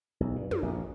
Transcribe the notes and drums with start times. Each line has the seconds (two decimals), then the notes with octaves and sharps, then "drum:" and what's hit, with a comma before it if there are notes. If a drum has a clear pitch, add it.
0.20 B1
0.36 G2
0.51 F#2, drum: tom
0.63 A#1